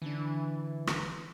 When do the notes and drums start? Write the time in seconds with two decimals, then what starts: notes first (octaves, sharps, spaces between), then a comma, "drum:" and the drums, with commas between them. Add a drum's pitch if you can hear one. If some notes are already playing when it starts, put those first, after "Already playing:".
0.02 D3 E3 D4
0.87 drum: rim click